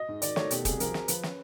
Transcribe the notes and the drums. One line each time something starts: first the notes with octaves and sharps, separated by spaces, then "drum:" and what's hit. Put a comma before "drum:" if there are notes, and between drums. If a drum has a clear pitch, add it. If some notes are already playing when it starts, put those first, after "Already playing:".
Already playing: D#5
G#2
D#3 D5, drum: hi-hat
A3 C#5, drum: snare
B2 G4, drum: hi-hat
C2 G#4, drum: kick, hi-hat
F3 A#4, drum: hi-hat
C4, drum: snare
F3 B4, drum: hi-hat
C#4, drum: snare